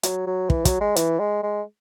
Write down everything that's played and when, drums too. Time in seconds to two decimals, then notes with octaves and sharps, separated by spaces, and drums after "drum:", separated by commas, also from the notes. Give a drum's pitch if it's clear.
0.03 F#3, drum: hi-hat
0.27 F#3
0.50 E3, drum: kick
0.65 F#3, drum: kick, hi-hat
0.81 G#3
0.96 E3, drum: hi-hat
1.20 G#3
1.43 G#3